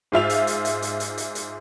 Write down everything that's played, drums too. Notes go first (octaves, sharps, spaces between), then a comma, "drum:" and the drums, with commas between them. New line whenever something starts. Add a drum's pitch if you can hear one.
G#2 F4 E5 F7
drum: hi-hat
drum: hi-hat
drum: hi-hat
drum: hi-hat
drum: hi-hat
drum: hi-hat
drum: hi-hat